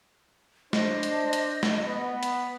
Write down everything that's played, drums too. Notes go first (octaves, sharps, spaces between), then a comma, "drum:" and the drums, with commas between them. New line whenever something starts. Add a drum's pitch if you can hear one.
D4 C5 D#5, drum: snare
drum: hi-hat
drum: hi-hat
drum: snare
B3
drum: hi-hat